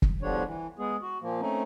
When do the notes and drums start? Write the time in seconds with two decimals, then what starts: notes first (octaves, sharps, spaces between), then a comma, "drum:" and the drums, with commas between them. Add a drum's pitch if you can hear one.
0.02 drum: kick
0.22 E2 D3 F3 G3 D4 C#5
0.46 E3
0.79 G#3 B3 G#4
1.02 F#4
1.22 A#2 F3 A#3
1.41 A3 C4 C#4 D#4